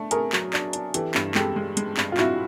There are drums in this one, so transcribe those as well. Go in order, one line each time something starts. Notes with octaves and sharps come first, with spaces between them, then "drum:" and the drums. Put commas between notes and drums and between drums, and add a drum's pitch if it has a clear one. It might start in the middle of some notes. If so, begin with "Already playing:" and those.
Already playing: A3 D4
A3 G#4 A#4, drum: hi-hat
F#3, drum: clap
D4, drum: clap
D4, drum: hi-hat
E3 G4 A4, drum: hi-hat
G2, drum: clap
G#3 G4 A4, drum: clap
G#3
G#3, drum: hi-hat
G2, drum: clap
F4
G2 E4 F#4, drum: clap